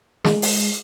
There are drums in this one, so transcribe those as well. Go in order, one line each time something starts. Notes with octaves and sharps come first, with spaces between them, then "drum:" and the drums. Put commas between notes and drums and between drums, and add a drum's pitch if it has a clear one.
G#3, drum: snare
drum: open hi-hat